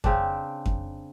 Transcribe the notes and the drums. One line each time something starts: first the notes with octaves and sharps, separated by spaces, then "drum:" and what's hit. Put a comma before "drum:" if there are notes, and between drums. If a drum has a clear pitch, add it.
C#3 C4 D4, drum: kick F2
drum: kick F2